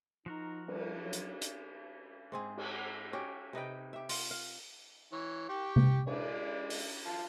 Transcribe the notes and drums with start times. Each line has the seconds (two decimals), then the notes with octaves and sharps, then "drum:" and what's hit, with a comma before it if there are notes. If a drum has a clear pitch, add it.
0.26 F3 D#4 F#4 A#4
0.68 G3, drum: cymbal
1.01 F#3
1.13 drum: hi-hat
1.42 drum: hi-hat
2.32 G#2 C4 G#4
2.57 drum: cymbal
3.13 C#4 F#4 G4
3.53 C3 D#4 B4 G5
3.93 G4 E5
4.09 F4, drum: open hi-hat
4.31 F5
5.12 E3 C#5
5.49 G4 G5 C#6
5.76 drum: tom C3
6.07 G#3 D5, drum: cymbal
6.70 drum: open hi-hat
7.06 F4 A5